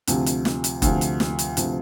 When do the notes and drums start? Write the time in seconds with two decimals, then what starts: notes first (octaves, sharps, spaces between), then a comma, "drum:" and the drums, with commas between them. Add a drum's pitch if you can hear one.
0.07 D2 C3 F3, drum: hi-hat
0.26 drum: hi-hat
0.45 drum: snare
0.64 drum: hi-hat
0.82 D2 C3 F3, drum: kick E1, hi-hat
1.01 drum: hi-hat
1.20 drum: snare
1.39 drum: hi-hat
1.57 D2 C3 F3, drum: hi-hat